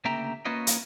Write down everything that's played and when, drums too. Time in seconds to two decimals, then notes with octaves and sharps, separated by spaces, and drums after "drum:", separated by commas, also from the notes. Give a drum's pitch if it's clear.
0.05 D2 C#3 A#3 E5 G5 A#5
0.45 A#3 C#4 F4 B4 C#5 D#5
0.67 drum: hi-hat